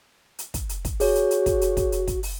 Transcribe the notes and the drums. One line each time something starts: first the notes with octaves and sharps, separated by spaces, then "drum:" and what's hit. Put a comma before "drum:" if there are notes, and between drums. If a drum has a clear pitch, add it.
drum: hi-hat
drum: kick, hi-hat
drum: hi-hat
drum: kick, hi-hat
F#4 G#4 C#5, drum: open hi-hat
drum: hi-hat
drum: hi-hat
drum: kick, hi-hat
drum: hi-hat
drum: kick, hi-hat
drum: hi-hat
drum: kick, hi-hat
drum: open hi-hat